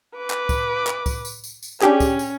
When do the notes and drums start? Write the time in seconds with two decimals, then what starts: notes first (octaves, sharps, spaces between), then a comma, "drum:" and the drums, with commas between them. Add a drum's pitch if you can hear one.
0.17 B4 D6
0.30 drum: clap
0.49 drum: kick, tambourine
0.87 drum: clap
1.06 drum: kick, tambourine
1.25 drum: tambourine
1.44 drum: tambourine
1.63 drum: tambourine
1.81 C#4 D4 G4 G#4, drum: clap
2.00 drum: kick, tambourine
2.19 drum: tambourine